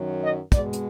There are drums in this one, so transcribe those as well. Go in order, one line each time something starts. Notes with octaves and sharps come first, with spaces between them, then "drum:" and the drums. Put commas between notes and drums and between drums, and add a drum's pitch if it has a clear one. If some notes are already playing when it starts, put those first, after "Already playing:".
Already playing: F#2 D#3 F#3
D#5
B2 G#3 D5, drum: kick, hi-hat
drum: hi-hat